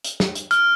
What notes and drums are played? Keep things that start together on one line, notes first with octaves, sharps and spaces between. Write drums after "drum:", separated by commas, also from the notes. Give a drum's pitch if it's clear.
drum: hi-hat
drum: snare
drum: hi-hat
F6, drum: hi-hat